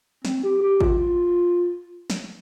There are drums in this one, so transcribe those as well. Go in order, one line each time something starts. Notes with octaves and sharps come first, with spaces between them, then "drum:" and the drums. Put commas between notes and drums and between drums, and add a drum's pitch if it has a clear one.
C4, drum: snare
G4
G4
F4, drum: kick G#1
F4
drum: snare